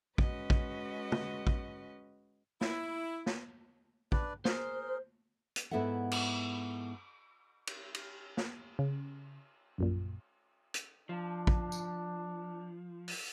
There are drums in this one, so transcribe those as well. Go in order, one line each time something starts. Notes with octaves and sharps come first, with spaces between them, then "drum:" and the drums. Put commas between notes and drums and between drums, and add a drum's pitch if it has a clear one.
G#3 C#4 F#4 B4 D#5, drum: kick
drum: kick
drum: tom
drum: kick
E4, drum: snare
drum: snare
D4 B4 D5, drum: kick
G#4 A#4 C5, drum: snare
drum: hi-hat
G#2 B3 E4 A4 E5 F#5
drum: cymbal
drum: cymbal
drum: cymbal
drum: snare
C#3
A#1 F#2 A#2
drum: hi-hat
F3 D4
drum: kick
drum: tambourine
drum: open hi-hat